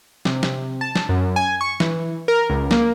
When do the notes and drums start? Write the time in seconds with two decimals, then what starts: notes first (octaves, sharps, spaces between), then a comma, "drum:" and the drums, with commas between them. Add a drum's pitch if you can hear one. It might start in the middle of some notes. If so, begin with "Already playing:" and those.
0.25 C3, drum: snare
0.43 drum: snare
0.81 A5
0.95 drum: snare
1.09 F#2
1.36 G#5
1.61 C#6
1.80 E3, drum: snare
2.28 A#4
2.50 C#2
2.71 A#3, drum: snare